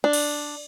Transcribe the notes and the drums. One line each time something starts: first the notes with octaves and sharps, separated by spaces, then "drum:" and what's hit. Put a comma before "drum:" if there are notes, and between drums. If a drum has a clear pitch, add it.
D4
drum: cymbal